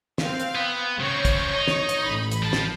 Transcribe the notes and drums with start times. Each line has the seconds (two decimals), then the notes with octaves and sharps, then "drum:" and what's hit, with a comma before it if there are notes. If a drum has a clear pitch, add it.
0.18 C4 F5, drum: snare
0.40 drum: hi-hat
0.55 B3
1.00 C#3 C4 C#5 C#6
1.25 drum: kick, hi-hat
1.53 D#4
1.68 drum: snare
1.89 drum: hi-hat
2.03 A1 B5
2.32 drum: hi-hat
2.42 F3 A5
2.53 drum: snare